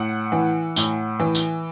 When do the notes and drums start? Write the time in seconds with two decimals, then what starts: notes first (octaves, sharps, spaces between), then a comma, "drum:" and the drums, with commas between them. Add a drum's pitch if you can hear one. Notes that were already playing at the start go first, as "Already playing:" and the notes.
Already playing: A2 F#5
0.32 E3
0.76 A2, drum: tambourine
1.19 E3
1.35 drum: tambourine